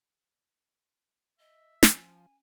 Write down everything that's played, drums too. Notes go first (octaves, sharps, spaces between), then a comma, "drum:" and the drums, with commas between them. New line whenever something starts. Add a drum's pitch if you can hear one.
D#5 E5
F3 C#4 G#5, drum: snare